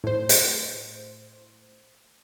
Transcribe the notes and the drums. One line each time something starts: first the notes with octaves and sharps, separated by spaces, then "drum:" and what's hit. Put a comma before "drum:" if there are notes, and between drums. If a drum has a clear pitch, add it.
A2 C5
drum: hi-hat